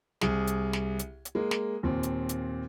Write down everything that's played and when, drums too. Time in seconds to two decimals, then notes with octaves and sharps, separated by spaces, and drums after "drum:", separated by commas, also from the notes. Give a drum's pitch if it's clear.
0.21 C2 G#4, drum: snare
0.47 drum: hi-hat
0.73 drum: snare
0.99 drum: hi-hat
1.25 drum: hi-hat
1.35 G#3 A#3
1.51 drum: snare
1.83 D#2 A#2 C4
2.03 drum: hi-hat
2.29 drum: hi-hat